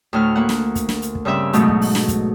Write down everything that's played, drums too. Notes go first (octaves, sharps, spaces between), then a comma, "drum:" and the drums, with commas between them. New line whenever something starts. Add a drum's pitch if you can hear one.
D2 A2 F6
A#3 F#5
drum: snare
drum: kick, hi-hat
drum: snare
drum: hi-hat
drum: kick
G2 C#3 C4 E5 E6
G#2 B2 F#3 A3, drum: hi-hat
drum: kick
drum: open hi-hat
drum: snare
drum: kick, hi-hat